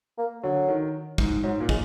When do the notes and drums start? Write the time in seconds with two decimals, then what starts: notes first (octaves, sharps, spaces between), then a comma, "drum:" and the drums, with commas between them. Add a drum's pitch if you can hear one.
0.18 A#3
0.43 D3 F#3
0.68 D#3
1.18 G#2, drum: kick
1.43 G#2 F#3
1.60 A#2
1.69 G#3, drum: kick